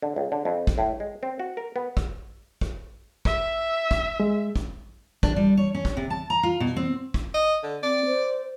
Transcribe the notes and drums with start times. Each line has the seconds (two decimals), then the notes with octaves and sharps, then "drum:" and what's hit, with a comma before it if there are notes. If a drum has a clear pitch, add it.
0.02 D3
0.16 C#2
0.32 D3
0.45 F2
0.67 drum: kick
0.78 A2
1.00 G#3
1.23 C4
1.39 F#4
1.57 A#4
1.76 B3
1.97 drum: kick
2.61 drum: kick
3.25 E5, drum: kick
3.91 drum: kick
4.20 G#3
4.56 drum: kick
5.23 D4, drum: kick
5.36 G3
5.57 C#5
5.75 C#4
5.85 drum: kick
5.97 C3
6.10 A5
6.30 A#5
6.43 F4
6.60 B2
6.76 C4
7.14 drum: kick
7.34 D#5
7.63 D3
7.83 C4 D5
8.06 C5